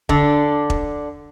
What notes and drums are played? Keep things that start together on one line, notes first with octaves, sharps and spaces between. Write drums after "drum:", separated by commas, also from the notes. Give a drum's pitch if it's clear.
D3 D4, drum: kick E1
drum: kick E1